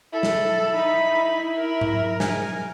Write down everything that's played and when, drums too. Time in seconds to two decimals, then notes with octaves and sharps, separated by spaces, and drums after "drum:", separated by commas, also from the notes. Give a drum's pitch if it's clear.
0.13 E4 A4
0.23 drum: snare
0.73 D#4 B5
1.57 A#4
1.81 drum: tom G#2
2.20 G#5, drum: snare